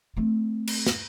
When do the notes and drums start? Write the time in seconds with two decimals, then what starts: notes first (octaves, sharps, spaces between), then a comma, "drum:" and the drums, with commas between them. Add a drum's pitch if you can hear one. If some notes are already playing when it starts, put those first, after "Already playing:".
0.17 A3 C4
0.67 drum: cymbal
0.87 drum: snare